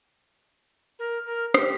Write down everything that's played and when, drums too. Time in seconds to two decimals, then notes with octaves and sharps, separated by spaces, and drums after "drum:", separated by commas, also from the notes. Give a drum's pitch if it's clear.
0.99 A#4
1.27 A#4
1.54 G4, drum: rim click